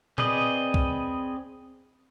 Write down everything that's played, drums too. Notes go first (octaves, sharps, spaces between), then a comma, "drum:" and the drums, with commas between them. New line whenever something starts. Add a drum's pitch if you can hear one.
C4 G#4 B4 D5 D#5, drum: tom A#2
drum: kick C2